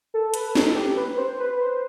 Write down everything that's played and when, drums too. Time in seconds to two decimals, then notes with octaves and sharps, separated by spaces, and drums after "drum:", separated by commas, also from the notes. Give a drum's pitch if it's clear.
0.14 A4
0.34 B4, drum: hi-hat
0.55 A4, drum: snare
0.76 G4
0.97 B4
1.17 C5
1.39 B4
1.61 C5